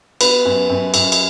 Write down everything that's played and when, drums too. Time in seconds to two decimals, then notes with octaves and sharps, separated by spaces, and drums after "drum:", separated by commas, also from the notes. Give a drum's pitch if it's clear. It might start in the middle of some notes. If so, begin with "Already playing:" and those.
0.21 B3 B4, drum: cymbal
0.45 F#2
0.69 F#2
0.94 F#2, drum: cymbal
1.12 drum: cymbal